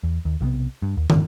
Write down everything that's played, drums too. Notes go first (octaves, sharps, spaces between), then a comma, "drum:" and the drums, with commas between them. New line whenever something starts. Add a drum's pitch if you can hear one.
E2
D#2
B1 C3 F3 B3
G2
D#2
G1 F2 G#2 C#3, drum: tom